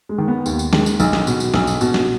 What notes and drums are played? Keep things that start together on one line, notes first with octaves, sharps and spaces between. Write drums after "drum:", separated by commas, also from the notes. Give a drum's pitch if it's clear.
G#3
D#3
B3
D#2, drum: tambourine
drum: tambourine
D#3 G#3, drum: snare
drum: tambourine
B1, drum: tambourine
drum: snare
B2, drum: tambourine
drum: tambourine
B1, drum: snare
drum: tambourine
B2, drum: tambourine
drum: snare